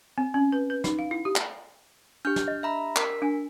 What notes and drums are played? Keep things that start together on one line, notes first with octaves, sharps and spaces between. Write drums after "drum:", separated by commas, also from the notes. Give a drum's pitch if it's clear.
C4
C#4
B4
B4
D#4, drum: snare
F5
E4
G4
drum: clap
D4 G4 F6 G6
drum: snare
D#5
E5 A#5 B5
A#4 B6, drum: clap
D4 G#5